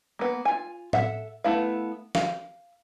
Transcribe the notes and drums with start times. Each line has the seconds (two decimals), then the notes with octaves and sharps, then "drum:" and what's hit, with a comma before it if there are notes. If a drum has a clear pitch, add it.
0.19 A#3 B3
0.45 F4 G#5
0.93 A4 E5 F#5, drum: tom A2
1.44 A3 B3 E4 B4 F5
2.15 F5, drum: snare